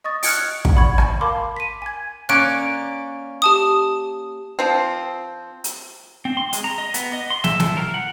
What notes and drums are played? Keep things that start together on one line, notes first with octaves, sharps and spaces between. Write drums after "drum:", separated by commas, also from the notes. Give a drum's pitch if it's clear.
D#5 C#6 D#6 A6
F6 F#6 G#6 C#7 D7, drum: open hi-hat
drum: kick
D5 F#5 B5 C#6 G#6
drum: rim click
A#4 F5 A5 B5 C6 D6
B6 D#7
G#5 G#6
A#3 C#4 D5 F#6 D7
G4 A5 D#6
F3 C4
drum: hi-hat
C4
C6
G#3, drum: hi-hat
A#5
D#5
B3, drum: hi-hat
D#5
C6
E5, drum: snare
F3, drum: snare
A#4
F#5